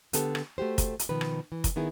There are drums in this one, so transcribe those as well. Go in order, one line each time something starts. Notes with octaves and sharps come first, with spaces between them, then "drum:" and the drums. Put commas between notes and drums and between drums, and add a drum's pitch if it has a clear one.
D3 B3 G4 A4, drum: hi-hat
drum: rim click
A3 F#4 G4 C5
drum: kick, hi-hat
drum: hi-hat
B2 D#3 F3 B4
drum: rim click
E3
drum: kick, hi-hat
D#3 B3 E4 G#4